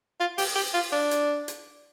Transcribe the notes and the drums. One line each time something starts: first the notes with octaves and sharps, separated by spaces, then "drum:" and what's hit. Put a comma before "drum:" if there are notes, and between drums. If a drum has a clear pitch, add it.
F4
G4, drum: open hi-hat
G4
F4
D4
drum: hi-hat
drum: hi-hat